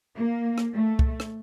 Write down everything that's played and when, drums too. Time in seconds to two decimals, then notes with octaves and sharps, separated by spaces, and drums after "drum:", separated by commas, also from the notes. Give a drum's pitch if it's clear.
0.16 A#3
0.58 drum: rim click
0.74 A3
0.99 drum: kick C2
1.20 drum: rim click